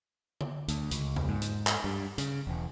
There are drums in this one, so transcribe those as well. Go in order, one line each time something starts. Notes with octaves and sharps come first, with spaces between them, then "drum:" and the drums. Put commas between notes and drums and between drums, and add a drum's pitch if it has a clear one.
drum: tom D3
D2, drum: hi-hat
C#2, drum: hi-hat
drum: tom E2
G#2
drum: hi-hat
drum: clap
G2
C#3, drum: hi-hat
E1